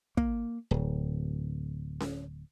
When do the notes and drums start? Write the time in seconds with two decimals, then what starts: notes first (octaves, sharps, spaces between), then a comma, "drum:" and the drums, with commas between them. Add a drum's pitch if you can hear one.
0.17 A#3, drum: kick
0.71 D1
2.00 drum: snare C#4